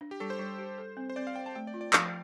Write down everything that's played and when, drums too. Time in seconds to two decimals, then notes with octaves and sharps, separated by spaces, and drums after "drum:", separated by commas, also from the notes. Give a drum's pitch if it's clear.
0.01 D4
0.11 G4
0.20 G3 A4
0.30 C5
0.39 G3
0.58 G4
0.78 A4
0.97 C4
1.10 C5
1.16 C4 D5
1.27 F5
1.35 D5 G5
1.46 A5
1.55 A3 G5
1.67 D5
1.74 F4
1.81 D5
1.93 F3 F5, drum: clap